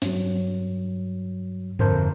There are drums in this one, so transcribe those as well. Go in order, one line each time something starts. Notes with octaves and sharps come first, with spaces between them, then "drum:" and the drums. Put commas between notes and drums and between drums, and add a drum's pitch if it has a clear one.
G2 F#3, drum: snare
F2 D3 A#4 C5 A5 G6, drum: tom G2